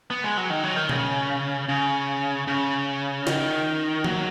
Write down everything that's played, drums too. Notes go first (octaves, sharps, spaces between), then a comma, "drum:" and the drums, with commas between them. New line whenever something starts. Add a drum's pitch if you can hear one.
B3
G#3
F#3
D#3
F#3
D#3
C#3, drum: tom B2
C#3
C#3
D#3, drum: snare
F#3, drum: tom D3